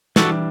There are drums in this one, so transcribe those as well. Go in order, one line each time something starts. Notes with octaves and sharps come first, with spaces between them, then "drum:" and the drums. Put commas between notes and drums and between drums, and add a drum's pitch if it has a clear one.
E3 G3 D4 F#4 A4, drum: snare